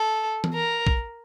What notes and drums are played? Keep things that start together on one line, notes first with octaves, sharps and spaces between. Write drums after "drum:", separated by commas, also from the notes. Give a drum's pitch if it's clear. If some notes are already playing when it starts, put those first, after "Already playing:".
Already playing: A4
drum: tom E3
A#4
drum: kick